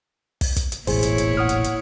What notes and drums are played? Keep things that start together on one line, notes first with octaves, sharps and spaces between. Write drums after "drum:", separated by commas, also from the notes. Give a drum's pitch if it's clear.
drum: kick, open hi-hat
drum: kick, hi-hat
drum: hi-hat
E1 A1 A#2 E4 G#4 C5 C#5, drum: open hi-hat
drum: hi-hat
drum: hi-hat
F#5 D#6 F6
drum: hi-hat
drum: hi-hat